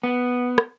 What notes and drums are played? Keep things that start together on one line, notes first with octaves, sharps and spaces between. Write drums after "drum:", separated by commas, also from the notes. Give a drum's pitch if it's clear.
B3
drum: rim click